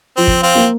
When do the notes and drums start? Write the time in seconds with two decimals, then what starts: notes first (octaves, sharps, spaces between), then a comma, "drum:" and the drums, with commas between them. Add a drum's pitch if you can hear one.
0.17 F3 C4
0.28 drum: kick
0.42 C4 F4
0.55 A#3